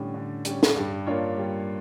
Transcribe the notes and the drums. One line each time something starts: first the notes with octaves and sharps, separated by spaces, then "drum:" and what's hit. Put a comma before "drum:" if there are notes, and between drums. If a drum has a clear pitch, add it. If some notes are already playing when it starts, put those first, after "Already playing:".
Already playing: A2 D3 G3 C#4
D3
G3 C#4, drum: hi-hat
drum: snare
G2 G3
A#3 D4 F4 C#5
G3